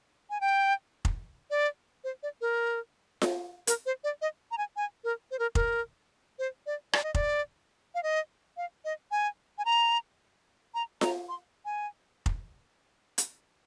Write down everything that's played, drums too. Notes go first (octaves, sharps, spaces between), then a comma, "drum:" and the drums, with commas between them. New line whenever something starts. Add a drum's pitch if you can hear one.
G#5
G5
drum: kick F1
D5
C5
D5
A#4
drum: snare F4
A#4, drum: hi-hat
C5
D5
D#5
A#5
G#5
G#5
A#4
C5
A#4
A#4, drum: kick F1
C5
D5
D5, drum: rim click
D#5
D5, drum: kick F1
F5
D#5
F5
D#5
G#5
G#5
A#5
A#5
A#5, drum: snare F4
C6
G#5
drum: kick F1
drum: hi-hat